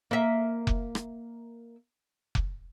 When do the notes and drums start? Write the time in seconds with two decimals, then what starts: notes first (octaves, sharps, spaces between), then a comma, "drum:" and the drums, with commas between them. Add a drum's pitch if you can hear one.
0.11 A#3 E5
0.67 drum: kick F1
0.95 drum: rim click
2.35 drum: kick F1